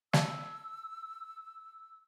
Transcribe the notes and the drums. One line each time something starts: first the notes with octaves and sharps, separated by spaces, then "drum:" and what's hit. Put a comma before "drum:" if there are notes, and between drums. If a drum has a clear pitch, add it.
A5 E6, drum: snare